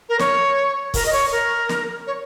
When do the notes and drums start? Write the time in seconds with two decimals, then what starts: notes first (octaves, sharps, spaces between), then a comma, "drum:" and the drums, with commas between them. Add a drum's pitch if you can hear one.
0.09 A#4
0.19 C#5, drum: snare
0.94 A#4, drum: kick, open hi-hat
1.06 D#5
1.13 C#5
1.32 A#4
1.69 drum: snare
2.07 C#5